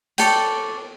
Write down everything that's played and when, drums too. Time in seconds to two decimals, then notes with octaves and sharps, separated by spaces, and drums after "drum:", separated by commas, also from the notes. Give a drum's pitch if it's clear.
0.18 A4 C#5 D5 G5, drum: hi-hat